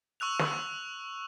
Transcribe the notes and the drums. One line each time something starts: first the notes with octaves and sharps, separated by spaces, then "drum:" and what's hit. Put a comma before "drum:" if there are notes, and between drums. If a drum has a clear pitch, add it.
C#6 E6 F#6 F7
drum: snare